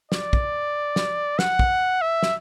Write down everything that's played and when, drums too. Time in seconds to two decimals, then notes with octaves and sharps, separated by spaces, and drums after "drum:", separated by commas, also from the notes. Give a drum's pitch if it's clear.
0.12 D5, drum: snare
0.33 drum: kick
0.96 drum: snare
1.39 F#5, drum: snare
1.59 drum: kick
2.01 E5
2.23 drum: snare